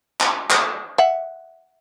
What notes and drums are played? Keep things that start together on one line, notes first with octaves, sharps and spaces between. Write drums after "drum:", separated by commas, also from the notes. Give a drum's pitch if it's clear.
drum: clap
drum: clap
E5 F#5